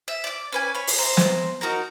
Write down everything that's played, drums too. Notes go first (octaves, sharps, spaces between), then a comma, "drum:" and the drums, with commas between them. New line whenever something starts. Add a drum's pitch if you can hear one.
E5
D5 D6
C#4 B4 G#5
C#5 B5
drum: open hi-hat
C5 E5 A#5
drum: snare
D#4 F#4 A#4 A#5